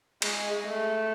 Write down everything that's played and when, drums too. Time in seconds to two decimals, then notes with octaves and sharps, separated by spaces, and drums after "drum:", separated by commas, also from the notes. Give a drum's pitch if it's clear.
0.22 G#3, drum: cymbal
0.66 A3